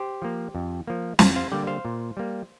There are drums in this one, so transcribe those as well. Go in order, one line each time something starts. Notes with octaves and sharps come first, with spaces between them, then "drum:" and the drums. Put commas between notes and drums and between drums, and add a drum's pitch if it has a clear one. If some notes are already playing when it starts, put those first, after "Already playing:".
Already playing: G4 C5
F3 A#3
F2
F3 A#3
F2 C5 F5, drum: snare
C5 F5
D3 G3 A#3 D5 G5
C5 F5
A#2
G3 A#3